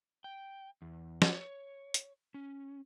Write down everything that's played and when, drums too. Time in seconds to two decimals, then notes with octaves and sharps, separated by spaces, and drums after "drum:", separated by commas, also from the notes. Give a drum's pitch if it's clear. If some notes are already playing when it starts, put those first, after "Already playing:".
0.24 G5
0.82 E2
1.22 F#5, drum: snare
1.35 C#5
1.94 drum: hi-hat
2.34 C#4